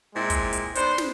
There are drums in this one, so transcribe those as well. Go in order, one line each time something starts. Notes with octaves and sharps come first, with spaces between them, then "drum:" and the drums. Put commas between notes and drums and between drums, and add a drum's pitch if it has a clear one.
A#2 G#3 C4 E4
drum: kick, hi-hat
drum: hi-hat
B3 D4 D#4 C5, drum: hi-hat
drum: snare